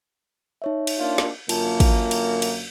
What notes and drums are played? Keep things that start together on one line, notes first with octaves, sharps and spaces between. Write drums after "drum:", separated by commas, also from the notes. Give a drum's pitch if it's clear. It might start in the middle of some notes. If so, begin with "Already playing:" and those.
D#4 C#5 E5
drum: cymbal
A#3 D4 F4
drum: snare
F#2 D3 A#3 F4 A5, drum: cymbal
drum: kick, cymbal
drum: cymbal
drum: cymbal